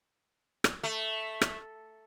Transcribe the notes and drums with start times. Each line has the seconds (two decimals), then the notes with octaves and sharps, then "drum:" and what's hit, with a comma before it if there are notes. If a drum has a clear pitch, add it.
0.64 drum: rim click
0.83 A3
1.41 drum: rim click